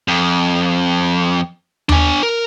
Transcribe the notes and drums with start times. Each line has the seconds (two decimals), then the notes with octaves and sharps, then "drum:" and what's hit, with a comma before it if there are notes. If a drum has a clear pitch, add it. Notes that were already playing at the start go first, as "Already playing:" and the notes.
0.08 F2
1.89 D4 G#5, drum: tom D#2
2.23 A#4